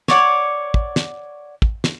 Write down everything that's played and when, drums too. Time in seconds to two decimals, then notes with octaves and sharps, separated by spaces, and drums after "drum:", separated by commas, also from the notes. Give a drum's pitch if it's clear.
0.08 C#5 D5 F#5, drum: snare
0.74 drum: kick
0.96 drum: snare
1.62 drum: kick
1.84 drum: snare